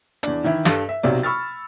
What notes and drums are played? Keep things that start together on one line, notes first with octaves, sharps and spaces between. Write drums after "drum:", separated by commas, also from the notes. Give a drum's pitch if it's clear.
E2 D4, drum: hi-hat
D#3 E3 E4
G2 A4, drum: snare
E5
B1 C3 F#3 D5
B5 C#6 E6 F6 A6